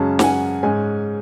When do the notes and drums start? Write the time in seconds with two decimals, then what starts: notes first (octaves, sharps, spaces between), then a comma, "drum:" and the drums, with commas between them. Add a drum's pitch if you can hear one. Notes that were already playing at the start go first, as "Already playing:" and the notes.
Already playing: F#2 C#3 G#3 C#4 A5
0.19 F#5, drum: snare
0.24 G#5
0.63 G#2 G#3 C#4 G#5